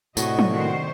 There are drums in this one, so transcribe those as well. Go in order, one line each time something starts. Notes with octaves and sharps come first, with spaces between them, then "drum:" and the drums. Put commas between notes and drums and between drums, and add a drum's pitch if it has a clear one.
A2 C3 D4 F#4 D#5 C#6, drum: tambourine
drum: tom F3
D#3 F#4 C5